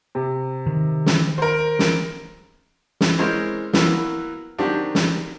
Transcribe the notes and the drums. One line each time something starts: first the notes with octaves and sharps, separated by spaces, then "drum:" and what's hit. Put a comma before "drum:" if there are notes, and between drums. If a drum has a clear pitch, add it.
C3
D#3
drum: snare
A#4 C5
drum: snare
drum: snare
E3 G#3 C4 C#4 A#4 C5
E3 F#3 A#3 B3, drum: snare
D#3 F#3 C4 D4 G4
drum: snare